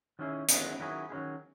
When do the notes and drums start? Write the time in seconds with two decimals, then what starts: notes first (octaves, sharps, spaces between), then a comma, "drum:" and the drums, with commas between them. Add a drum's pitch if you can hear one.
0.19 D#3 F#3 C#4 E4 G#4
0.49 D#3 F#3 C#4 E4 G#4, drum: hi-hat
0.79 D#3 F#3 C#4 E4 G#4
1.10 D#3 F#3 C#4 E4 G#4